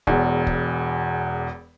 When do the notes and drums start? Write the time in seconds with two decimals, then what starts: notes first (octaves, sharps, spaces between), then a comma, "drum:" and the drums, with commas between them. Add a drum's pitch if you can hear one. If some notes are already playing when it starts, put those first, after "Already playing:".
0.07 E1 E2, drum: kick
0.47 drum: kick